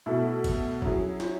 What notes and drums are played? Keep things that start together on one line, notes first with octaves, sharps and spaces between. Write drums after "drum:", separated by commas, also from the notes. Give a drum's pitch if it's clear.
B2 A3 E4 A4
drum: kick G1, cymbal
F#3 C#4 E4 G#4, drum: kick G1
drum: snare